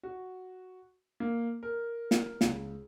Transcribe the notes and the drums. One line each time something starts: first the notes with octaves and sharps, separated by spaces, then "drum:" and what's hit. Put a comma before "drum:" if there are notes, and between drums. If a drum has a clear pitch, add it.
F#4
A#3
A#4
drum: snare
C#2, drum: snare